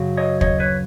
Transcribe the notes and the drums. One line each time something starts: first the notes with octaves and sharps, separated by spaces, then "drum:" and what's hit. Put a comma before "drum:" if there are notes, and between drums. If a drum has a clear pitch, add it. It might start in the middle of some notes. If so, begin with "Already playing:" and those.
Already playing: F#2 C#3 F#3
C#5 D#5
C#5 D#5, drum: kick
B4 C#5